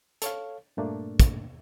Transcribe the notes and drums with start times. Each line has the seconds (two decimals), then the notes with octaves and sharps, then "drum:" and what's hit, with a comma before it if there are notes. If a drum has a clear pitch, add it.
0.22 A4 C#5 F5, drum: hi-hat
0.77 G2 A#2 A3 A#3 D4
1.20 drum: kick, hi-hat